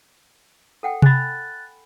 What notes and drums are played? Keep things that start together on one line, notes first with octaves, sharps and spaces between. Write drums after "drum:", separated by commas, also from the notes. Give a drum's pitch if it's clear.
A4 F#5 G5
G#5 B5 F#6 A6, drum: tom C3